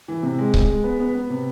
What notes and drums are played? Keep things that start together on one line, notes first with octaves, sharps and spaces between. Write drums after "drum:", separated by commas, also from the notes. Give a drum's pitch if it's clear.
E3
C3
G#3
G#3, drum: kick C#1
G#3
B3
B3
B3
C3